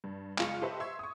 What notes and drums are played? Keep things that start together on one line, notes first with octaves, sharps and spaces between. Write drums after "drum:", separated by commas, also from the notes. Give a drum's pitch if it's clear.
G2
F#1 G#3 F4 C#6 C#7, drum: clap
G4 A4 B4 C5 D#5 E5
E5 C6 C#6 G#6
C#6 D#6